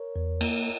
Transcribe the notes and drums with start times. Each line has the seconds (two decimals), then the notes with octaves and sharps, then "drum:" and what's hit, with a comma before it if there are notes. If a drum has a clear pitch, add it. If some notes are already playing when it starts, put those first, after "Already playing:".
Already playing: A#4 C#5
0.16 E2
0.41 A#3, drum: cymbal